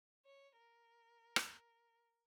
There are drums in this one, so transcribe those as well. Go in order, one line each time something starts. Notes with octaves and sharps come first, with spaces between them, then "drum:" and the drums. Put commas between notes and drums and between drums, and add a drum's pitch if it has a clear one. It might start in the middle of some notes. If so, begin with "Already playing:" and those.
C#5
A#4
drum: rim click